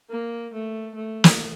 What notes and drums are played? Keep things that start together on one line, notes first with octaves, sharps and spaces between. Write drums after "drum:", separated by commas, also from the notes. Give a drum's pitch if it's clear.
A#3
A3
A3
drum: snare